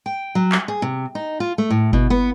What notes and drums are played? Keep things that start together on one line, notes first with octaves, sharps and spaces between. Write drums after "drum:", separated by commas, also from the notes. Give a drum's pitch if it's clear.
G5
F#3
drum: clap
G#4
C3
D#4
F4
A3
A2
B2, drum: kick G1
B3